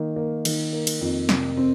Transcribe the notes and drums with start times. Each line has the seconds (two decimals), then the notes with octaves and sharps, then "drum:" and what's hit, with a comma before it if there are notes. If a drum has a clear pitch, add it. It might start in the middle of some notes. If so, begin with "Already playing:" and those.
Already playing: D#3 A#3
0.16 A#3
0.45 D#3, drum: cymbal
0.73 A#3
0.87 drum: cymbal
1.01 F2
1.29 C3, drum: snare
1.57 C4